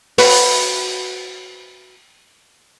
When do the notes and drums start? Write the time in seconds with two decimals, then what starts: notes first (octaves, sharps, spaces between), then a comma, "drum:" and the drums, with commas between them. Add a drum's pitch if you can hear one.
0.18 F#4 B4, drum: open hi-hat